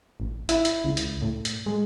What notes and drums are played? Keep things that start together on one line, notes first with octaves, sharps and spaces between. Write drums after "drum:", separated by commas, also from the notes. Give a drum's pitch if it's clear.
A1
E4, drum: hi-hat
drum: hi-hat
C#2
drum: hi-hat
A2
drum: hi-hat
G#3